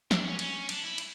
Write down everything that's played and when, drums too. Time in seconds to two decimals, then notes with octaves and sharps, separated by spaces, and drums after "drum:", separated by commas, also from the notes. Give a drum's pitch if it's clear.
0.11 D4, drum: snare
0.25 C#4
0.39 C#4, drum: cymbal
0.69 D4, drum: cymbal
0.83 E4
0.98 drum: cymbal